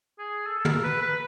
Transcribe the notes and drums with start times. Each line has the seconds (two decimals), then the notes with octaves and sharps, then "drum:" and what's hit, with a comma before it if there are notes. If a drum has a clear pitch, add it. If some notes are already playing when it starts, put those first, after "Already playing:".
0.18 G#4
0.46 A4
0.59 A4
0.65 A#4, drum: tom
0.84 B4
1.02 B4